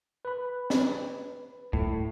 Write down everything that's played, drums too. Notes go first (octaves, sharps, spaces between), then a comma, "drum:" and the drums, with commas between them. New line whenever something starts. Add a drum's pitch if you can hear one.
B4 B5
drum: snare
A2, drum: kick